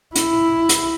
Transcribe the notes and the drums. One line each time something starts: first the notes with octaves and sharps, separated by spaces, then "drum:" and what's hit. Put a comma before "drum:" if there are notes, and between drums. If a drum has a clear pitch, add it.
E4, drum: hi-hat
drum: hi-hat